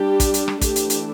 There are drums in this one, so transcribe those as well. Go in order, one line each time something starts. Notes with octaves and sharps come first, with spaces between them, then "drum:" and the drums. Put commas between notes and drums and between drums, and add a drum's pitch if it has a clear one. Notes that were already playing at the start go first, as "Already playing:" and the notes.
Already playing: G3 D4 G4
drum: kick, hi-hat
drum: hi-hat
drum: rim click
E3 A3 D4 G4, drum: kick, hi-hat
drum: hi-hat
drum: hi-hat